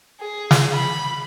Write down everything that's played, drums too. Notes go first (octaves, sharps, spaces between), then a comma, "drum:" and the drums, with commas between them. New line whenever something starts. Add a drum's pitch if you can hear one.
G#4
drum: snare
B5